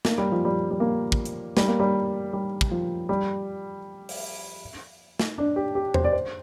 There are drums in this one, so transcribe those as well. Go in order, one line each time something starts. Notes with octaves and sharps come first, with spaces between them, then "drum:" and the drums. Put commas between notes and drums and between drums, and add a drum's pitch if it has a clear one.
A#3, drum: snare
G3
F3
G3
G3
A#3
drum: kick
drum: hi-hat
G3, drum: snare
A#3
G3
G3
drum: kick
F3
G3
drum: open hi-hat
drum: snare
D4
G4
G4
C5, drum: tom E2
D5
C5